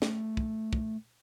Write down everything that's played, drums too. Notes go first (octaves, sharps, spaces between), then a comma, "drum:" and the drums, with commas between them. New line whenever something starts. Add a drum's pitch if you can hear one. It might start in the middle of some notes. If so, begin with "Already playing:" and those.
A3, drum: snare
drum: kick
drum: kick